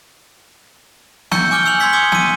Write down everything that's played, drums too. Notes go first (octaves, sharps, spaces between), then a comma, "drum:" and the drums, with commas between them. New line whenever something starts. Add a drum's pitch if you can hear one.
C#6 E6 G6 C#7, drum: snare
G#5 D6 F6 G6 G7
E6 C#7 F7 F#7
C6 E6 G6 G#6 B6 C#7
D6 D#6 G#6 F#7 G7
E6 D#7, drum: snare